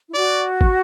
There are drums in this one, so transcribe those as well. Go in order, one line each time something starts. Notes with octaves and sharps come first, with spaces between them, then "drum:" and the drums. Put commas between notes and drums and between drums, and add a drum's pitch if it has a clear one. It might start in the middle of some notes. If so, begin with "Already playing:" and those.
E4
F#4 D5
drum: kick